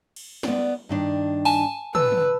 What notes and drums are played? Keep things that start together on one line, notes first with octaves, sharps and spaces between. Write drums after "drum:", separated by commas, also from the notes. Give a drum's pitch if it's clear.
drum: cymbal
B3 D5, drum: snare
G2 D#3 D4
G#5 A5, drum: open hi-hat
B4 A5 E6, drum: tom
drum: tom